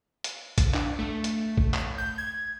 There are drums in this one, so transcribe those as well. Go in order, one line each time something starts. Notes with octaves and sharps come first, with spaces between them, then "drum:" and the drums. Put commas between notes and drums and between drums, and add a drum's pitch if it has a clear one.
drum: hi-hat
drum: kick, hi-hat
D4, drum: clap
A3
drum: hi-hat
drum: kick
drum: clap
G6
G#6